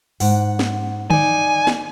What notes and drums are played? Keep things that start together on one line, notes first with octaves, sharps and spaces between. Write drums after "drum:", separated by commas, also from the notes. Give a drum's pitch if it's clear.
G#2 F#5, drum: open hi-hat
drum: snare
D#4 D5 G#5, drum: tom D3
drum: snare